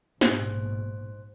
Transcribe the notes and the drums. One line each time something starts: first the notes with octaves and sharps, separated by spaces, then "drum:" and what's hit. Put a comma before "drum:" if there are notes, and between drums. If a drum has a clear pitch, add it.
A#1 G#2 B2 C5, drum: snare